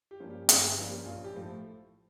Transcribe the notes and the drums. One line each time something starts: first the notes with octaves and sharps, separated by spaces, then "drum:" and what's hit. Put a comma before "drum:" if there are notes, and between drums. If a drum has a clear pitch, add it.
G4
G2 F3 A#3 C#4
G4
G1 G4, drum: hi-hat
G4
G2 F3 A#3 C#4 F4
G4
A#1 F4
G4
A2 F3 A3